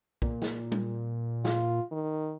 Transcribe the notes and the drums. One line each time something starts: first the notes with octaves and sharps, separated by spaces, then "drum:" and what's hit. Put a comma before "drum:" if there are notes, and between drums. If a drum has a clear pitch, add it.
A#2, drum: kick
drum: snare
drum: tom G3
F4, drum: snare
D#3